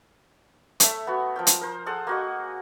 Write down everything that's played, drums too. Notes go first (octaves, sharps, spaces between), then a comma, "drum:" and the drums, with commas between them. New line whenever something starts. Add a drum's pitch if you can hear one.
A3 C#5 E5, drum: hi-hat
B3 F#4
F3 A#4 G5
drum: hi-hat
A#4 C5
G#4 A4 C5 F#5
A#3 F#4 D#5